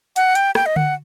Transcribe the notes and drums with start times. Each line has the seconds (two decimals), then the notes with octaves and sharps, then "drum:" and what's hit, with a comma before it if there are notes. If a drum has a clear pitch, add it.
0.16 F#5, drum: hi-hat
0.35 G5, drum: hi-hat
0.55 G5, drum: rim click
0.66 D#5
0.76 F#5, drum: tom D3